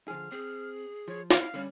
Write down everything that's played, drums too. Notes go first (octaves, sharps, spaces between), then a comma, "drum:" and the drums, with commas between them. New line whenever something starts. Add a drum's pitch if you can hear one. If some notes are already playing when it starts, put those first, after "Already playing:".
D3 F3 G#4 F6
C4 G#4
F3 C#5
E4 F5, drum: snare
D3 G3 C#4